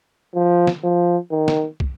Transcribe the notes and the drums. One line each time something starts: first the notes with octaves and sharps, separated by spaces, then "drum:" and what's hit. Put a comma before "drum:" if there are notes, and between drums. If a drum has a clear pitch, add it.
F3
drum: snare
F3
D#3
drum: snare
drum: kick